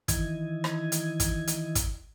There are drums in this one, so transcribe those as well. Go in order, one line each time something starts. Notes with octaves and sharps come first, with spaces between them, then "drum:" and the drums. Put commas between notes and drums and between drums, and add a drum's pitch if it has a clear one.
D#3 E3 E4 D#5 G#6, drum: kick, hi-hat
drum: rim click
drum: hi-hat
drum: kick, hi-hat
drum: hi-hat
drum: kick, hi-hat